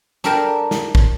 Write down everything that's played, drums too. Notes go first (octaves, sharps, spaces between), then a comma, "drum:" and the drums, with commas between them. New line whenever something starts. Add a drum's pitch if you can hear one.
D4 G4 A4 A#4 G5 A5
drum: snare
drum: kick